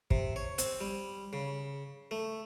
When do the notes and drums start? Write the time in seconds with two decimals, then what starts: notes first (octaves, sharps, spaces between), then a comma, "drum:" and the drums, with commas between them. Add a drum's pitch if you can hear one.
0.11 C3, drum: kick
0.36 C#5
0.58 C4, drum: hi-hat
0.81 G3
1.33 C#3
2.11 A3